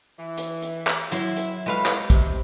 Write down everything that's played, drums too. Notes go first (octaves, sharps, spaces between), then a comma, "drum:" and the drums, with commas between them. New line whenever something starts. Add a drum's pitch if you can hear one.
E3
drum: hi-hat
drum: hi-hat
drum: clap
F#3 E4 C6, drum: hi-hat
drum: hi-hat
A2 F3 G#3 F#4 B4 F5
drum: clap
C3, drum: kick, hi-hat